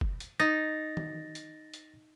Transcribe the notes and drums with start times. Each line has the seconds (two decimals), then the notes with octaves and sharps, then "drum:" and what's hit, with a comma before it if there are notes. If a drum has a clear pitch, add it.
0.01 drum: kick
0.20 drum: hi-hat
0.40 D#4 A6 A#6
0.97 drum: tom D#3
1.35 drum: hi-hat
1.74 drum: hi-hat